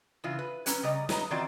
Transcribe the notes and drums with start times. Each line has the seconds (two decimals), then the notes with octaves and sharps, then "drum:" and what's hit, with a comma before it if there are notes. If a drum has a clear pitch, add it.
0.24 C#3 E3 F4
0.39 B4
0.66 F#3 C#4 B4, drum: hi-hat
0.83 C#3 G3 D#5 A#5
1.09 E2 D#4 B4, drum: snare
1.31 D#3 E3 C4 F4 F#4 D5